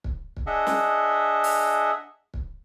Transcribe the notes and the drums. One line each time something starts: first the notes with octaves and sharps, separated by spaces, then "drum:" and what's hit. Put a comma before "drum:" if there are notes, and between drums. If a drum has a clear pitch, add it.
drum: kick
drum: kick
D4 G#4 D#5 E5 F#5
drum: snare
drum: open hi-hat
drum: kick